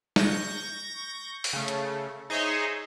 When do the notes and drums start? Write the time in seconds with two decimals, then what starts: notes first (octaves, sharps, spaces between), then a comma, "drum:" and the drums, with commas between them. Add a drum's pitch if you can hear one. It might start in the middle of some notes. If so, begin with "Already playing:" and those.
0.16 C#6 G6 A#6, drum: snare
1.44 drum: open hi-hat
1.53 C#3 A3
1.68 drum: hi-hat
2.30 D#4 G#4 C5 C#5 D#5 E5